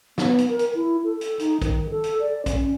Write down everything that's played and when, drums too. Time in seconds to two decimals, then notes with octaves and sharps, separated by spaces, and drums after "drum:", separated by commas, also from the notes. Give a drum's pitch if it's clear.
0.18 B3, drum: snare
0.38 drum: hi-hat
0.49 A#4
0.59 drum: hi-hat
0.75 E4
1.04 A4
1.21 drum: hi-hat
1.39 D#4, drum: hi-hat
1.62 D#3, drum: kick A#1, hi-hat
1.90 A4
2.04 drum: hi-hat
2.20 D5
2.46 C#4, drum: kick A#1, hi-hat